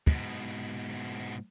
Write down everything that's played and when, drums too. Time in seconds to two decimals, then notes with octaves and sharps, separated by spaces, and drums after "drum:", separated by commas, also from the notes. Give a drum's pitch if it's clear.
0.07 G#2 B2, drum: kick